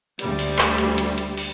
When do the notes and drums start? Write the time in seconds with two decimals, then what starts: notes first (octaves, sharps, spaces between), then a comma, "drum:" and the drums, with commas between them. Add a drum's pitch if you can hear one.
0.19 D2 G3, drum: hi-hat
0.39 drum: open hi-hat
0.59 drum: clap
0.78 drum: hi-hat
0.98 drum: hi-hat
1.18 drum: hi-hat
1.37 drum: open hi-hat